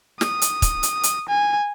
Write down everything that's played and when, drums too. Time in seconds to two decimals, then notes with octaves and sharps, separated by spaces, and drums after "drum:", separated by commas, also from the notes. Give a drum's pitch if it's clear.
0.21 D#6, drum: snare
0.42 drum: hi-hat
0.62 drum: kick, hi-hat
0.83 drum: hi-hat
1.03 drum: hi-hat
1.29 G#5